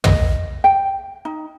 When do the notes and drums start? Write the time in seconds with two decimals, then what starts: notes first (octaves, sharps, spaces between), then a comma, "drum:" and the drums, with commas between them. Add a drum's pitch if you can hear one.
0.04 D#5, drum: tom
0.64 G5
1.25 D#4